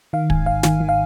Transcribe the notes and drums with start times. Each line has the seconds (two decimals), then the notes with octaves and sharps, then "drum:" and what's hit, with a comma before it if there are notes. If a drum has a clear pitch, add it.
0.13 D#3 F5
0.30 G#2 G#5, drum: kick
0.46 G#1 F5
0.63 D#3 F5, drum: snare
0.80 D#3
0.89 F5